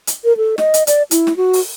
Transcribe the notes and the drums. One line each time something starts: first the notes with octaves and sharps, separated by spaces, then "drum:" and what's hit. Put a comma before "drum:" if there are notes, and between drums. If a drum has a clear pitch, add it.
drum: hi-hat
A#4
A4
D#5, drum: snare
drum: hi-hat
D5, drum: hi-hat
E4, drum: hi-hat
drum: snare
F#4
drum: open hi-hat